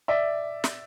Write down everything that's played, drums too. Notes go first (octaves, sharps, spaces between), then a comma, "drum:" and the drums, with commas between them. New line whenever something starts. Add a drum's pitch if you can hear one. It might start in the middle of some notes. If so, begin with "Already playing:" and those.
D5 E5
drum: snare